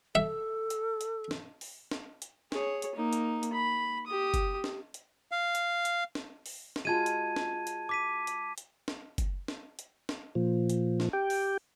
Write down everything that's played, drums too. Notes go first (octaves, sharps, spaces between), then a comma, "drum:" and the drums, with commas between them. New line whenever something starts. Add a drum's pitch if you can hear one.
A4 E5
drum: hi-hat
drum: hi-hat
drum: snare
drum: open hi-hat
drum: snare
drum: hi-hat
G#4 C#5, drum: snare
drum: hi-hat
A#3 D#4
drum: hi-hat
drum: hi-hat
B5
G4 D#6
drum: kick, hi-hat
drum: snare
drum: hi-hat
F5
drum: hi-hat
drum: hi-hat
drum: snare
drum: open hi-hat
drum: snare
G#3 F4 F#4 A5 G#6 D#7
drum: hi-hat
drum: snare
drum: hi-hat
D6 B6 D#7
drum: hi-hat
drum: hi-hat
drum: snare
drum: kick, hi-hat
drum: snare
drum: hi-hat
drum: snare
A#2 F3
drum: hi-hat
drum: snare
G4 G5
drum: open hi-hat